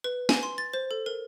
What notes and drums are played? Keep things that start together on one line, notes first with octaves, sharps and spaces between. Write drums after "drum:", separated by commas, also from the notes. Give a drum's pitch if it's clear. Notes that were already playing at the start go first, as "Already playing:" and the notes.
B4
G#5, drum: snare
C6
A6
C5
A4
A#4